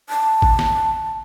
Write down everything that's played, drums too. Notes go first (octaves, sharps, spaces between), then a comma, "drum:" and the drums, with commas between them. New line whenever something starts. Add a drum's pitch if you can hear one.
A5
drum: kick A1
drum: snare